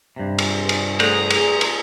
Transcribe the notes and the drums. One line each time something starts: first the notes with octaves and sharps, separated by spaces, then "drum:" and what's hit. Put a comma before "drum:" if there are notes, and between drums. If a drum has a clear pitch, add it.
G2 C3
drum: cymbal
drum: cymbal
A3 G#4 A4 A#5, drum: cymbal
drum: cymbal
drum: cymbal